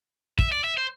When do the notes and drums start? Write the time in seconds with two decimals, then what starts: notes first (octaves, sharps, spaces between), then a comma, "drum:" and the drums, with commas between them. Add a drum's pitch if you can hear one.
0.39 E5, drum: kick
0.52 D5
0.64 E5
0.77 C5